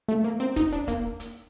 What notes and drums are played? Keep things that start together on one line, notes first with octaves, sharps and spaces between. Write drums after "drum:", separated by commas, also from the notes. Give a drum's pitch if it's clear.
A3
A#3
C4
D#4, drum: kick E1, hi-hat
D4
A#3, drum: kick E1, hi-hat
drum: hi-hat